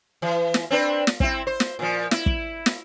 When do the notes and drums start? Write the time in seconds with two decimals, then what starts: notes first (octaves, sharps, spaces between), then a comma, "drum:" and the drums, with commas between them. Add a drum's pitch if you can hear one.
0.22 E3
0.54 drum: snare
0.71 C4 D4 B4
1.07 drum: snare
1.20 C4 E4, drum: kick
1.47 C5
1.60 drum: snare
1.79 A#2 F3
2.11 E4, drum: snare
2.26 drum: kick
2.66 drum: snare